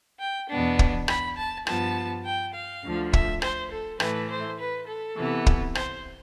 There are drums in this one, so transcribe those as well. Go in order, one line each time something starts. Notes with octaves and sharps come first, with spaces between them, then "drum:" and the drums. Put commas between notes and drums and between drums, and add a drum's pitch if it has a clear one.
G5
E2 B2 B3 D4
drum: kick
B5, drum: rim click
A5
G2 F3 B3 A5, drum: rim click
G5
F5
D2 D3 F3
E5, drum: kick
C5, drum: rim click
A4
A2 E3 A3 B4, drum: rim click
C5
B4
A4
C3 E3 B3
drum: kick
C5, drum: rim click